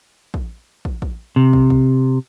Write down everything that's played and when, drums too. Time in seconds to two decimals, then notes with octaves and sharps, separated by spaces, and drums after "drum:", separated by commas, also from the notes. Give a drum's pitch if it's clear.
0.34 drum: kick
0.85 drum: kick
1.02 drum: kick
1.36 C3
1.53 drum: kick
1.70 drum: kick